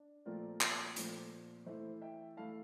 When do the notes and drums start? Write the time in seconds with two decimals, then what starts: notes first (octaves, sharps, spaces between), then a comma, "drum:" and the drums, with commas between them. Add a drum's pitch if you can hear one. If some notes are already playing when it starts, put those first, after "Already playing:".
Already playing: D4
0.26 A#2 F3 A3 C4 F4 A#4 D5
0.61 drum: clap
0.96 A#2 F3 A3 C4 F4, drum: hi-hat
1.66 E3 A3 E4 C5 E5
2.01 E5 G5
2.37 E3 A3 E4 F5 A5